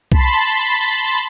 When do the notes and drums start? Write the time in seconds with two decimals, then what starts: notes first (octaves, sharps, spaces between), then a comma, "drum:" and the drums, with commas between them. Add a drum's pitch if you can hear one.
0.12 A5 B5 C6 A6 B6, drum: kick B1